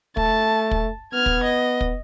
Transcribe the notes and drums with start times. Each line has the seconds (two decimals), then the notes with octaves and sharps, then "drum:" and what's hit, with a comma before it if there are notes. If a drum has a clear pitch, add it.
0.17 A3 A5, drum: kick
0.71 drum: kick
1.13 B3 F6 G#6
1.26 drum: kick
1.44 D#5
1.81 drum: kick